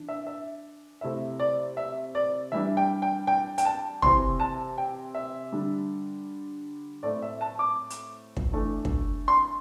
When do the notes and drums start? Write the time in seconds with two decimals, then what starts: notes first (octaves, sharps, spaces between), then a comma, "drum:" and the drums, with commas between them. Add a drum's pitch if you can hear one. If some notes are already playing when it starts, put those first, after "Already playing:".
Already playing: E3 D4
0.08 E5
0.27 E5
1.01 C3 A3 E4 E5
1.40 D5
1.77 E5
2.15 D5
2.52 E3 G3 D4 E5
2.77 G5
3.02 G5
3.27 G5
3.58 G5, drum: hi-hat
3.65 A5
4.02 C3 E3 C4 C6, drum: tom
4.40 A5
4.78 G5
5.15 E5
5.52 D3 G3 D4
7.03 A2 A3 C4 E4 D5
7.22 E5
7.41 A5
7.59 D6
7.90 drum: hi-hat
8.37 drum: kick
8.53 E3 A3 D4
8.85 drum: kick
9.28 C6